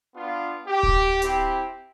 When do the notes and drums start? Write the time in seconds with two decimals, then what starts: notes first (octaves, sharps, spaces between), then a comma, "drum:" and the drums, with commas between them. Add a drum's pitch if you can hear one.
0.13 B3 D4 F4
0.67 G4
0.83 drum: kick D1
1.22 C4 E4 G4, drum: hi-hat